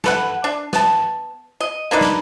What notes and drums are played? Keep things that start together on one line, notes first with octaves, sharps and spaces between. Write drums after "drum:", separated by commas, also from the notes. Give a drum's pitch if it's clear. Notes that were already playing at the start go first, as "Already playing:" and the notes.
A4 B4 F#5, drum: snare
D4
B3 A5, drum: snare
D#5
A#3 D4 D#4 B4
drum: snare